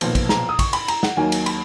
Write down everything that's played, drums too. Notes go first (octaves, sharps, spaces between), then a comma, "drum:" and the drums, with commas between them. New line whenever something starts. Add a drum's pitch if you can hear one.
B1 A#2 F3 B3, drum: cymbal
drum: kick, cymbal
A#5, drum: snare
D#6
C#6, drum: kick, cymbal
B5, drum: cymbal
A#5, drum: cymbal
F#5, drum: snare
D#2 D#3 F#3 A#3 G#5
drum: cymbal
B5, drum: cymbal